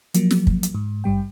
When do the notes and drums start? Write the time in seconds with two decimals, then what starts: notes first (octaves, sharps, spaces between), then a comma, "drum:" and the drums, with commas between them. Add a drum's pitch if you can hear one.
0.14 F3 F#3 A#3, drum: hi-hat
0.31 drum: snare
0.47 drum: kick
0.63 drum: hi-hat
0.75 G#2
1.04 G#1 G2 G3 G5